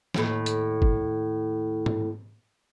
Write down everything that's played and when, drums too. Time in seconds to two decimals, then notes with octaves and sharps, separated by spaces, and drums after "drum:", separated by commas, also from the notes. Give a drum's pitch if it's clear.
0.14 D#2 A2, drum: snare
0.46 drum: hi-hat
0.82 drum: kick
1.86 drum: tom G#2